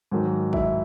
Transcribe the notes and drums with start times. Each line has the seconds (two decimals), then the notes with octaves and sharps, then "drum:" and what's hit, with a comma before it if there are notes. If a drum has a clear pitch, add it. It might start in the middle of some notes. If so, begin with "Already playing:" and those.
0.11 G#2 D#3 F#3
0.53 E4 E5, drum: kick